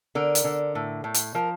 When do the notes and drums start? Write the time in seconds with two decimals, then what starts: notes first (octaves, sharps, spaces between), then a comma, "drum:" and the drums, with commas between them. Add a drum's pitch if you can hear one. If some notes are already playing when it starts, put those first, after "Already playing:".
0.15 D3 A#4
0.35 drum: hi-hat
0.44 D3
0.75 A2
1.04 A2
1.14 drum: hi-hat
1.35 F3 A#4